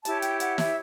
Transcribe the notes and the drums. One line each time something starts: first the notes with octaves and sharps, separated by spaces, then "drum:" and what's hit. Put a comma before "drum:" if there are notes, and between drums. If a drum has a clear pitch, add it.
E4 G4 C#5 A5, drum: hi-hat
G5, drum: hi-hat
F#5, drum: hi-hat
E5, drum: snare